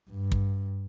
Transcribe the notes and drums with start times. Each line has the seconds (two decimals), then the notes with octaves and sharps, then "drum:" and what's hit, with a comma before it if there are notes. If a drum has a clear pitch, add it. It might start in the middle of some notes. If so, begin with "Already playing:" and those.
0.11 G2
0.32 drum: kick